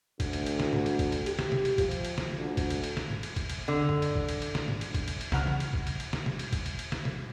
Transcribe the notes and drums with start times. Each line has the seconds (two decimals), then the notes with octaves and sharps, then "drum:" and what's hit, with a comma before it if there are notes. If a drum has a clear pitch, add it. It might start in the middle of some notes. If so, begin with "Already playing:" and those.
0.20 D2, drum: kick, cymbal
0.33 drum: cymbal
0.46 drum: cymbal
0.60 drum: snare
0.73 drum: tom G#2
0.86 drum: cymbal
0.99 drum: kick, cymbal
1.12 drum: cymbal
1.26 G4, drum: cymbal
1.39 drum: snare
1.52 drum: tom B2
1.65 drum: cymbal
1.78 F3, drum: kick, cymbal
1.91 drum: cymbal
2.05 drum: cymbal
2.18 drum: snare
2.36 D2
2.57 drum: kick, cymbal
2.70 drum: cymbal
2.84 drum: cymbal
2.97 drum: snare
3.10 drum: tom G#2
3.23 drum: cymbal
3.36 drum: kick, cymbal
3.49 drum: cymbal
3.68 D3
3.89 drum: tom F#2
4.02 drum: cymbal
4.15 drum: kick
4.29 drum: cymbal
4.42 drum: cymbal
4.55 drum: snare
4.68 drum: tom G#2
4.81 drum: cymbal
4.94 drum: kick, cymbal
5.08 drum: cymbal
5.21 drum: cymbal
5.32 C2 C#3 F#5 F6, drum: snare
5.47 drum: tom E3
5.60 drum: cymbal
5.73 drum: kick
5.87 drum: cymbal
6.00 drum: cymbal
6.13 drum: snare
6.26 drum: tom B2
6.39 drum: cymbal
6.53 drum: kick, cymbal
6.66 drum: cymbal
6.79 drum: cymbal
6.92 drum: snare
7.05 drum: tom B2